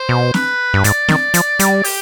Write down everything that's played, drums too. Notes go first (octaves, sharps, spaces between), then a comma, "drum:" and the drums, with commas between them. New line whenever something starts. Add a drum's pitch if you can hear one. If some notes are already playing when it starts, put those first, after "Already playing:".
Already playing: C5
B2
B4, drum: snare
G2
G#2 D5, drum: hi-hat
D#3, drum: snare
F3, drum: hi-hat
G3, drum: hi-hat
G4, drum: open hi-hat